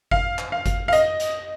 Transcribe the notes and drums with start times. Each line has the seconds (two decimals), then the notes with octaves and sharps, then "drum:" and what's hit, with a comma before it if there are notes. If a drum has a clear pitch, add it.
0.11 F5, drum: kick G1
0.39 drum: clap
0.52 F5
0.66 drum: kick G1, hi-hat
0.88 F5
0.93 D#5, drum: hi-hat
1.20 drum: hi-hat